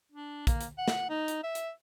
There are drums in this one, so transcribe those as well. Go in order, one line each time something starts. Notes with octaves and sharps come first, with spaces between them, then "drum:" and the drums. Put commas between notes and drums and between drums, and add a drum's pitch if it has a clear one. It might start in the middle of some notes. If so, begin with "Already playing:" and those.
D4
A#3, drum: kick, hi-hat
drum: hi-hat
F#5
drum: snare
D#4
drum: hi-hat
E5
drum: hi-hat